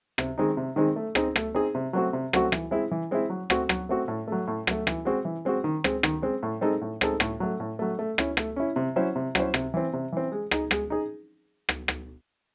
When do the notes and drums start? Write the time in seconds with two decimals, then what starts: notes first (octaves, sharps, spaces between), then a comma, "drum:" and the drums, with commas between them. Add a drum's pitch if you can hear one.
0.18 C3, drum: rim click
0.38 D#3 G#3 C4 D#4
0.57 C3
0.76 D#3 G#3 C4 D#4
0.96 A3
1.15 C4 D#4 G#4, drum: rim click
1.36 A3, drum: rim click
1.55 C4 D#4 G#4
1.75 C3
1.93 F#3 A3 C4 F#4
2.13 C3
2.33 F#3 A3 C4 F#4, drum: rim click
2.52 E3, drum: rim click
2.71 G#3 C4 E4
2.91 E3
3.11 G#3 C4 E4
3.30 F#3
3.50 A3 C4 F#4, drum: rim click
3.69 F#3, drum: rim click
3.89 A3 C4 F#4
4.08 A2
4.28 F#3 A3
4.47 A2
4.67 F#3 A3, drum: rim click
4.87 E3, drum: rim click
5.05 G#3 C4 F#4
5.25 E3
5.45 G#3 C4 F#4
5.64 D#3
5.84 G#3 C4, drum: rim click
6.03 D#3, drum: rim click
6.22 G#3 C4
6.43 A2
6.61 G#3 C4 D#4 A4
6.81 A2
7.01 G#3 C4 D#4 A4, drum: rim click
7.20 A2, drum: rim click
7.40 F#3 A3
7.60 A2
7.79 F#3 A3
7.99 A3
8.18 C#4 E4, drum: rim click
8.37 A3, drum: rim click
8.56 C#4 E4
8.76 C3
8.96 F#3 C#4 E4 C5
9.16 C3
9.35 F#3 C#4 E4 C5, drum: rim click
9.54 C3, drum: rim click
9.74 E3 C4
9.93 C3
10.12 E3 C4
10.32 G#3
10.51 D#4 G#4, drum: rim click
10.71 G#3, drum: rim click
10.90 D#4 G#4
11.69 drum: rim click
11.88 drum: rim click